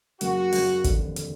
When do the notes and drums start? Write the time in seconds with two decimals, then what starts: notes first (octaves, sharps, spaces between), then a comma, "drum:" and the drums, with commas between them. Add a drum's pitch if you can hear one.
0.21 F#2 C#3 F#3 A#3 F#4, drum: hi-hat
0.53 F#2 C#3 F#3 A#3, drum: open hi-hat
0.84 F1 D#2 D3, drum: kick, hi-hat
1.16 D3, drum: hi-hat